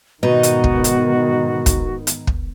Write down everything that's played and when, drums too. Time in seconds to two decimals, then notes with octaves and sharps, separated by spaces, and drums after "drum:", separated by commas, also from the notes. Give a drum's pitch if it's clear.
0.23 G#2 B2 D#3 B3 D#4 F#4
0.43 drum: hi-hat
0.64 drum: kick
0.84 drum: hi-hat
1.66 drum: kick, hi-hat
2.07 drum: hi-hat
2.27 drum: kick